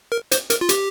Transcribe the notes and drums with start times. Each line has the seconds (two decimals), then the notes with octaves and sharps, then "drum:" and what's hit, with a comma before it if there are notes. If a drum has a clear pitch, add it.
0.12 A#4
0.32 C5, drum: hi-hat
0.50 A#4, drum: hi-hat
0.61 F4
0.69 G4, drum: hi-hat